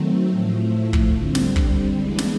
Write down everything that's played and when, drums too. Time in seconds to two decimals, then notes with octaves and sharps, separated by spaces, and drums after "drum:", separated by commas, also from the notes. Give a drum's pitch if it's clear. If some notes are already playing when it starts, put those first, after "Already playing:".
Already playing: D#3 F#3 A3 C4
0.30 A2 F3 A3
0.93 drum: kick
1.14 D3 G3 C4
1.35 drum: snare
1.56 drum: kick
1.98 E3 G#3 B3 D4
2.18 drum: snare